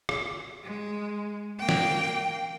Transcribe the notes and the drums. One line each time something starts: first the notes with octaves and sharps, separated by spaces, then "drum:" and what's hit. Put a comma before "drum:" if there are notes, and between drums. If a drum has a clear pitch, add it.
drum: rim click
G#3
A#3 G5
drum: snare